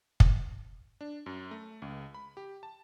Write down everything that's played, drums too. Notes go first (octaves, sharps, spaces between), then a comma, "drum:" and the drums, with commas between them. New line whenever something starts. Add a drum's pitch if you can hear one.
drum: kick
D4
F#2
A3
C#2
B5
G4
A5